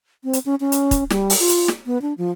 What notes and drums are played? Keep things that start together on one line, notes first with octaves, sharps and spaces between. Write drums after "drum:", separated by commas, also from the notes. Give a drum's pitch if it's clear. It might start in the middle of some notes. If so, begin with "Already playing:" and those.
C4
drum: hi-hat
C#4
C#4
drum: hi-hat
drum: kick, hi-hat
G3, drum: snare
drum: open hi-hat
F4
drum: hi-hat
drum: snare
B3
D4
F3